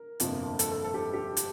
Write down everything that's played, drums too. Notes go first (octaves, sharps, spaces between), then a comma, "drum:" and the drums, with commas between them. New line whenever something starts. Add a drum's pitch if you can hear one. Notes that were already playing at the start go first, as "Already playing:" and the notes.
Already playing: A#4
G1 F2 C3 F3 A#3, drum: hi-hat
A4, drum: hi-hat
A4
A4
G4
G4
drum: hi-hat